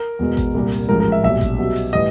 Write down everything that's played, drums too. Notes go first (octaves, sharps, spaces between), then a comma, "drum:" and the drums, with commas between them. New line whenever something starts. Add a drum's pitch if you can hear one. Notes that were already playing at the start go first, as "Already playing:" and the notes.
Already playing: A#4
E2 B2 G#3
drum: kick A1, hi-hat
C2 A#2 G3
drum: open hi-hat
A1 G#2 F3 G#3 A#4
A#4
E5
B1 A#2 G3 E5
drum: kick A1, hi-hat
B1 B2 G3
drum: open hi-hat
A2 E3 G3 D#5